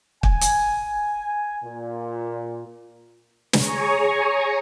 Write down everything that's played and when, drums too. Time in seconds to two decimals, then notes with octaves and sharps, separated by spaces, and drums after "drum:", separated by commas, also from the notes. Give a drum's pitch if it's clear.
0.23 G#5, drum: kick
0.41 drum: hi-hat
1.64 A#2
3.53 G#4 C#5 G#5 A#5 C#6, drum: snare